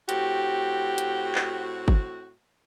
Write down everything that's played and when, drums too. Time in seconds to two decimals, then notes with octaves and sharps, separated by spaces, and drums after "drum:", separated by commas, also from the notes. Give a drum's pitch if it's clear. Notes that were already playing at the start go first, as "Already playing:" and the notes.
0.09 A2 C4 F#4 G4, drum: hi-hat
0.98 drum: hi-hat
1.35 drum: clap
1.88 drum: kick G1